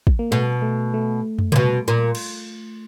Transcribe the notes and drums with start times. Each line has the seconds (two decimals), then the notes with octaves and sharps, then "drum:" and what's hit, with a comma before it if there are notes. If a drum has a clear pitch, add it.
0.07 drum: kick
0.19 A#3
0.31 B2 A3
0.62 A3
0.94 A3
1.39 drum: tom
1.52 A#2, drum: tom C3
1.56 B2
1.88 A#2
2.15 drum: cymbal